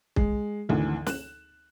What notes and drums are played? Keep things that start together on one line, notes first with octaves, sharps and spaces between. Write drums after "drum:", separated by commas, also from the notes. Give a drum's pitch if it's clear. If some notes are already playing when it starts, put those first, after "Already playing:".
G#3, drum: kick
G#1 D2 E3
F#6 E7, drum: snare